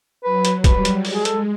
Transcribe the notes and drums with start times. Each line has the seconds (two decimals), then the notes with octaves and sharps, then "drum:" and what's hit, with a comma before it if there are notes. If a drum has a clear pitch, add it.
0.25 F#3 B4
0.45 drum: hi-hat
0.64 G3 B4, drum: kick, hi-hat
0.85 drum: hi-hat
1.05 G#3, drum: open hi-hat
1.14 G#4
1.25 A4, drum: hi-hat